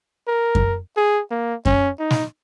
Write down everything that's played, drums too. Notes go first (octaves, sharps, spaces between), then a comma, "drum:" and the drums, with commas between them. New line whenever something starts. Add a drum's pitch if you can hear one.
A#4
drum: kick F#2
G#4
A#3
C#4, drum: kick F#2
D#4
drum: snare